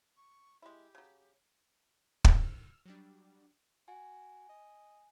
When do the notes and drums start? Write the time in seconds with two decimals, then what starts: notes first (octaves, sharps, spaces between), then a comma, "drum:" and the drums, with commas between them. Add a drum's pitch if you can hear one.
0.17 C#6
0.62 G#3 E4 G4
0.95 C#3 F#3
2.24 drum: kick
2.36 E6 F6
2.86 F#3 G3 D4
3.88 F#4 G#5
4.49 D#5